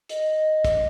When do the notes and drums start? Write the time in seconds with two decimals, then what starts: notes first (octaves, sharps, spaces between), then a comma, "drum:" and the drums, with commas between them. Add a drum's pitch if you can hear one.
0.09 D#5, drum: hi-hat
0.65 drum: kick, hi-hat